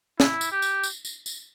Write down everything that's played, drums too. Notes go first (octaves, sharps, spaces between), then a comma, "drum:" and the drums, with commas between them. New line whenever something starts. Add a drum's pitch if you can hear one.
E4, drum: snare
drum: tambourine
G4
drum: tambourine
drum: tambourine
drum: tambourine
drum: tambourine